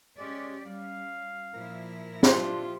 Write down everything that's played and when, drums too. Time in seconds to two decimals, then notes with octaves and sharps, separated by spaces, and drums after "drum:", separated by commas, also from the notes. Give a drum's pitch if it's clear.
0.18 G#3 C#4 G4 D5
0.66 G3 C#4 F5
1.54 A#2 F3 E4 A#4
2.23 D4 F4 G4 C5, drum: snare